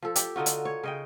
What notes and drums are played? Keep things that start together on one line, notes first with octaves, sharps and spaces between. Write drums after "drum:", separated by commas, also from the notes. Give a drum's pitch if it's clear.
F3 A4
G4, drum: hi-hat
D3 D#4 F4 F#4
drum: hi-hat
C#5
C#3 D#5 G5